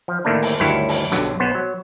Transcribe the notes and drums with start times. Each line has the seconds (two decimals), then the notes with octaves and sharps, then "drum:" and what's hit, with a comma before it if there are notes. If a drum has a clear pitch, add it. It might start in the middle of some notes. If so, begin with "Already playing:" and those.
0.08 F3
0.25 A2 D3 D#3 A3 A#3 D4
0.42 drum: open hi-hat
0.60 D2 G2 D#3 F#3 E4 C#5
0.89 drum: open hi-hat
1.12 B1 G2 D3 F#3, drum: hi-hat
1.40 B1 B3 C5
1.55 F#3